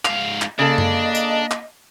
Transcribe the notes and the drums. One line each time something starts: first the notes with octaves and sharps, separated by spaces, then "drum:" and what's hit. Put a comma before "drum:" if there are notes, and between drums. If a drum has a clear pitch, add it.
G#2 F5, drum: clap
drum: clap
C#3 A#3 D4 A4 D#5
drum: tom F#2
drum: tambourine
drum: clap